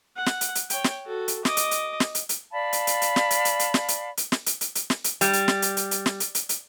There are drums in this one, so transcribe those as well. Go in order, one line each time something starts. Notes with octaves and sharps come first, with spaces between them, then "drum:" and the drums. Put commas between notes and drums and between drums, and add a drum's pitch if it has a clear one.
F#5
drum: snare
drum: hi-hat
drum: hi-hat
C#5 G5, drum: hi-hat
drum: snare
F#4 A4
drum: hi-hat
D#5 D6, drum: snare
drum: hi-hat
drum: hi-hat
drum: snare
drum: hi-hat
drum: hi-hat
D5 F5 A5 B5
drum: hi-hat
drum: hi-hat
drum: hi-hat
drum: snare
drum: hi-hat
drum: hi-hat
drum: hi-hat
drum: snare
drum: hi-hat
drum: hi-hat
drum: snare
drum: hi-hat
drum: hi-hat
drum: hi-hat
drum: snare
drum: hi-hat
G3, drum: hi-hat
drum: hi-hat
drum: snare
drum: hi-hat
drum: hi-hat
drum: hi-hat
drum: snare
drum: hi-hat
drum: hi-hat
drum: hi-hat